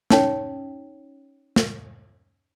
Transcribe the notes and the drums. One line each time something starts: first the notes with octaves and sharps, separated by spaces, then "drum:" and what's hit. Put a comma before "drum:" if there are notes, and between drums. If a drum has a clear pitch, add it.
C#4 D#4 C#5 G5, drum: snare
drum: snare